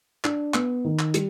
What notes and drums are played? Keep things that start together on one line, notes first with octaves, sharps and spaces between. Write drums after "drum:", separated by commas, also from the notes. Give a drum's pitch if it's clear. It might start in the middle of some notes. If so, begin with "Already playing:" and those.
D4, drum: clap
B3, drum: clap
D#3
drum: clap
G3, drum: hi-hat